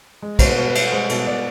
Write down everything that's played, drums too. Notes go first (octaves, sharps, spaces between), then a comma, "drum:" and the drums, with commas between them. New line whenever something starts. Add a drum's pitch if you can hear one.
G#3
B2 C5, drum: kick, cymbal
B4
B2
B4
B3, drum: cymbal
G#3 C5
B2, drum: cymbal
B2 D5